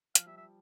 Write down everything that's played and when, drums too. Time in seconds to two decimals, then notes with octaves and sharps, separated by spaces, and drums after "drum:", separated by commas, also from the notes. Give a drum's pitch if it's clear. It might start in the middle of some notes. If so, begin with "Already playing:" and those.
0.15 F3 F5, drum: hi-hat
0.26 G3 E5
0.38 F3 E5